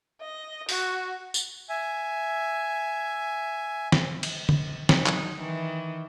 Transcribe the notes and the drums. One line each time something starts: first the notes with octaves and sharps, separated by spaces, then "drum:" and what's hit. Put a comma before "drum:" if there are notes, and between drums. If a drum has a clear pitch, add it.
D#5
F#4, drum: open hi-hat
drum: tambourine
E5 G#5
drum: snare
drum: cymbal
drum: tom D3
F#3 D#4, drum: snare
drum: clap
D#3 E3